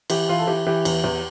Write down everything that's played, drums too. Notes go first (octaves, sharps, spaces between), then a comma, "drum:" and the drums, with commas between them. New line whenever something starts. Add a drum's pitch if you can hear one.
E3 G4, drum: cymbal
E3 F4
A4
E3 G4
E3 G4
E2, drum: cymbal
E2